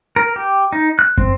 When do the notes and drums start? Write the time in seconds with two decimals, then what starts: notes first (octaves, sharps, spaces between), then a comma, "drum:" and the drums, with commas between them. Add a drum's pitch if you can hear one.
0.16 A#4
0.36 G4
0.73 D#4
0.99 F#6
1.18 C4, drum: kick